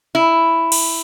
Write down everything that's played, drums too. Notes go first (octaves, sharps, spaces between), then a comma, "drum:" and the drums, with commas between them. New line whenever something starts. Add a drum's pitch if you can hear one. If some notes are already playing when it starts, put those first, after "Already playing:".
E4
drum: cymbal